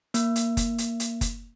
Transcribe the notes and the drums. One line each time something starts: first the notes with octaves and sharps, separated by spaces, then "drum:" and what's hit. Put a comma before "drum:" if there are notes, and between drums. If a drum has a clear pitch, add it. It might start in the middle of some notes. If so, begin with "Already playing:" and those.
A#3, drum: hi-hat
drum: hi-hat
drum: kick F#1, hi-hat
drum: hi-hat
drum: hi-hat
drum: kick F#1, hi-hat